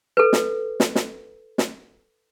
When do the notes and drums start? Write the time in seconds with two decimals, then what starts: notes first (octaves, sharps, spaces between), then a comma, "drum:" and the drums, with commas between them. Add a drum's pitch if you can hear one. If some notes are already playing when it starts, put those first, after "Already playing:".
0.17 A4 B4
0.33 drum: snare
0.80 drum: snare
0.95 drum: snare
1.58 drum: snare